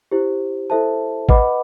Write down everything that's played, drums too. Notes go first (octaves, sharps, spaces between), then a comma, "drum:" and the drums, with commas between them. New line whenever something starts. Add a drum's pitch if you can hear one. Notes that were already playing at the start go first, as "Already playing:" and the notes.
E4 G4 C5
E4 A4 C5 E5 A5
B4 D#5 F#5 B5 D6, drum: kick A1